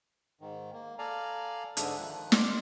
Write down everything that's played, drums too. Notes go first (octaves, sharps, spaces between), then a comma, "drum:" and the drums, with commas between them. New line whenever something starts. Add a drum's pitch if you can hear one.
G#2 D#3
A#3
A4 D5 F5 G#5 A#5
G#2 D3 D4 E5 D#6, drum: hi-hat
D#3 F3 F#6
D5 C6 D6 F6, drum: snare